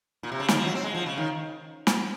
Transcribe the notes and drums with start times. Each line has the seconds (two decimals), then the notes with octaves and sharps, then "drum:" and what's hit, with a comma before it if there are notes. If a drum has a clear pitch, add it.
0.23 A#2
0.32 C3
0.40 C#3
0.48 D#3, drum: snare
0.57 F3
0.66 F#3
0.75 C4
0.84 G#3
0.95 F3
1.06 C#3
1.18 D#3
1.87 drum: snare